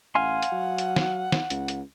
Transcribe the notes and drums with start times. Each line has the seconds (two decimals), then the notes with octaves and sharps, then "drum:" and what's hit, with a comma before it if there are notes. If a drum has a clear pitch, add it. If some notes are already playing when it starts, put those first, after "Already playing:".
0.15 A1 F5 F#5 G#5 C6
0.42 drum: hi-hat
0.52 F#3
0.78 drum: hi-hat
0.96 drum: snare
1.32 drum: snare
1.50 C#2, drum: hi-hat
1.68 drum: hi-hat